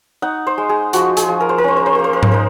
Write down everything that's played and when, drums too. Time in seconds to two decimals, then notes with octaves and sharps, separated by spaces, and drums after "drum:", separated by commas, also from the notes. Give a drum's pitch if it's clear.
0.22 D#4 F#5
0.47 C5
0.58 G#3
0.69 G#4
0.93 F3 F#4, drum: hi-hat
1.17 G#4, drum: hi-hat
1.28 F3
1.41 A#4
1.49 C5
1.58 A#4
1.64 C#4 C5
1.77 A#4
1.86 C5
1.95 A#3 A#4
2.04 C5
2.13 A#4
2.23 C5, drum: tom G#2
2.32 D#4 A#4